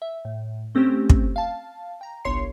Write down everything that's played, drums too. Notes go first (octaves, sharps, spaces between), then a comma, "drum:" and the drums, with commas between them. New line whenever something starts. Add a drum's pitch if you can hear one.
E5
A2
A3 C4 C#4 G4 C5
drum: kick
F5 A5
G5 A#5
G1 C2 C#5 C6 C7 C#7